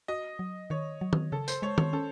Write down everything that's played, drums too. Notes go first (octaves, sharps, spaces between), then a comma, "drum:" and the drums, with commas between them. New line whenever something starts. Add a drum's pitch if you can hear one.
F#4 D#5
F#3
D#3 C#5
F#3
drum: tom D#3
C#3 A4
C5, drum: tambourine
G#3 C#5
C#5, drum: tom D#3
C#4 A4